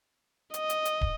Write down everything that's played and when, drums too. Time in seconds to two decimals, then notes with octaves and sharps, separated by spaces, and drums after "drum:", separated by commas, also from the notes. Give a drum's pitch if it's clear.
0.54 D#5, drum: hi-hat
0.70 drum: hi-hat
0.85 drum: hi-hat
1.01 drum: kick